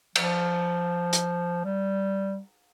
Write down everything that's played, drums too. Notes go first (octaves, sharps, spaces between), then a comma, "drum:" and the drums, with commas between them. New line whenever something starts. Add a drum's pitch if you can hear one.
F3, drum: cymbal
drum: hi-hat
G3